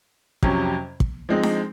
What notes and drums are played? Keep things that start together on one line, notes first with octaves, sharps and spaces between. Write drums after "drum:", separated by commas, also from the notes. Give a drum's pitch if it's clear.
F2 C3 F#3 C#4, drum: kick
drum: kick
F3 G#3 C4 D#4
drum: snare D4